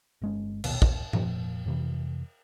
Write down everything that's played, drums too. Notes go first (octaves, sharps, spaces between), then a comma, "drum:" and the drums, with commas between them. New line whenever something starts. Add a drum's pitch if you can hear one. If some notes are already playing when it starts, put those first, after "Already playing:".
G1 G#3 C#4
A#1 D#2 B2, drum: cymbal
D#1 A#1, drum: kick
F1 A#2 F3, drum: tom G#2
F2 C3 E3